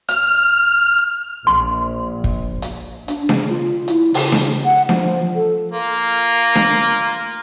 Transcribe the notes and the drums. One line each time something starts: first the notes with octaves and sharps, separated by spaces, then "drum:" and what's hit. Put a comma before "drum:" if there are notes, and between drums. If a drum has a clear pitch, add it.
F6, drum: hi-hat
A#1 C6
drum: kick
drum: hi-hat
D4, drum: hi-hat
C#3, drum: snare D4
F4
E4, drum: hi-hat
C#3, drum: open hi-hat
drum: snare D4
F#5
F3, drum: snare D4
A4
A#3 F4
drum: snare D4